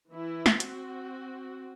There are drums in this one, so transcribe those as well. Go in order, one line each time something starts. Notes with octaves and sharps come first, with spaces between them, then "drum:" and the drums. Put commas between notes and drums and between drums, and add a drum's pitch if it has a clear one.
E3 E4
drum: snare
C4 F#4, drum: hi-hat